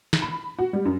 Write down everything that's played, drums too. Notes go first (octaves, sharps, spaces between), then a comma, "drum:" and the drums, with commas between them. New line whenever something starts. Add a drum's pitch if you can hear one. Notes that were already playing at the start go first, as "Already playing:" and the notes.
drum: snare
B5
F#4
G3
F#2